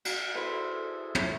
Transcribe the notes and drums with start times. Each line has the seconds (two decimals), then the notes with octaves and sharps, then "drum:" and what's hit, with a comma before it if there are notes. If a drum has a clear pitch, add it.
0.05 F#4, drum: cymbal
0.35 E4 G#4 A4 B4 C5 B5
1.15 A2 A3, drum: tom